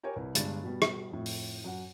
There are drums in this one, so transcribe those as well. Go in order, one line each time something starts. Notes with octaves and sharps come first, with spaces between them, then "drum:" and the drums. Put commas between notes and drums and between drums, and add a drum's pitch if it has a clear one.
G4 A#4 C#5 G#5
C2 B4
G1 G2 G#3 D4 A6, drum: hi-hat
B2 G3 B3
drum: rim click
F2 A2
drum: open hi-hat
F#2 F#5